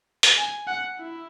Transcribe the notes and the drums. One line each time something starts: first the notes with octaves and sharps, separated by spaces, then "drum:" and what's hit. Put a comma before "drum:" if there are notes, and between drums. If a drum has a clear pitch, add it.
drum: hi-hat
G#5
F#5
E4